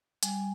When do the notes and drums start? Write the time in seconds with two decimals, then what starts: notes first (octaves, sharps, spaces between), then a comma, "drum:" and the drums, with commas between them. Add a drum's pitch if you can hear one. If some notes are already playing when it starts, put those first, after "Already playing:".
0.23 G3 G#5, drum: hi-hat